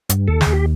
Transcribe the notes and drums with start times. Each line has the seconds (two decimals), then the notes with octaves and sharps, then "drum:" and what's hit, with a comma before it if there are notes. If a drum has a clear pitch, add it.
0.09 G2, drum: hi-hat
0.28 D#2 A4
0.41 G#4, drum: snare
0.46 D#2
0.53 G4